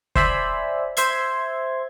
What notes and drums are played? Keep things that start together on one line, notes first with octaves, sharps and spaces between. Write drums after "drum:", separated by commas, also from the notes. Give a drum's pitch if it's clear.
C5 D5 E5 G#5 B5, drum: kick
C5 E5 C6 G#6, drum: hi-hat